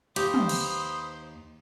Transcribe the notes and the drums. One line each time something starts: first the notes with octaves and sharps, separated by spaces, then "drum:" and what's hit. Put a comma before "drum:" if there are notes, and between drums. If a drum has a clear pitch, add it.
D#2 G4 B4 C5 D#6, drum: cymbal
drum: tom
drum: cymbal